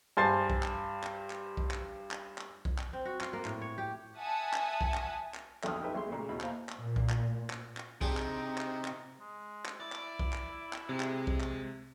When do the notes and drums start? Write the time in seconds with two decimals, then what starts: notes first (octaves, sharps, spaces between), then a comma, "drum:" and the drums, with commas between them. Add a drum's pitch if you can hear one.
0.17 G2 C5 G#5 C6 A6 C7
0.50 drum: kick
0.63 drum: clap
1.03 drum: clap
1.30 drum: clap
1.57 drum: kick
1.71 drum: clap
2.11 drum: clap
2.38 drum: clap
2.65 drum: kick
2.79 drum: clap
2.93 C4
3.05 F#4
3.21 F4, drum: clap
3.33 A#3
3.45 A2, drum: clap
3.62 C#5
3.78 G4
4.18 E5 F#5 G#5 A5 D#6
4.54 drum: clap
4.81 drum: kick
4.94 drum: clap
5.35 drum: clap
5.64 B1 F2 D3 A4 D#6 F6, drum: clap
5.81 D#4 G4 A4 B4 E5
5.95 B1 G#3 C6
6.09 A#2 C#3 A3
6.29 D#2 B2 E4 B5
6.41 C5 F5 A#5, drum: clap
6.69 drum: clap
6.79 A#2
6.96 drum: kick
7.10 drum: clap
7.50 drum: clap
7.77 drum: clap
8.01 C3 D4 D#4 G4 G#4, drum: kick
8.17 drum: clap
8.58 drum: clap
8.85 drum: clap
9.20 G#3
9.66 drum: clap
9.80 E4 D5
9.93 drum: clap
10.19 drum: kick
10.33 drum: clap
10.73 drum: clap
10.89 C3 G#3
11.00 drum: clap
11.27 drum: kick
11.41 drum: clap